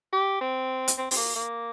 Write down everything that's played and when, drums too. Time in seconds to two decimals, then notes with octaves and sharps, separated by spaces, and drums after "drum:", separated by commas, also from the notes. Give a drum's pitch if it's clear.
0.13 G4
0.41 C4
0.88 drum: hi-hat
0.98 C4
1.11 C4, drum: open hi-hat
1.17 A#3
1.36 A#3